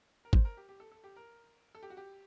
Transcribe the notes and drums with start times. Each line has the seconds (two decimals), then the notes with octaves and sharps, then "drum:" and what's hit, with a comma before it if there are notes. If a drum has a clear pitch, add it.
0.25 A#4
0.33 C5, drum: kick
0.45 A#4
0.57 G4
0.69 G4
0.80 A4
0.92 A4
1.04 G4
1.16 A#4
1.75 A4
1.83 G4
1.90 F#4
1.97 G4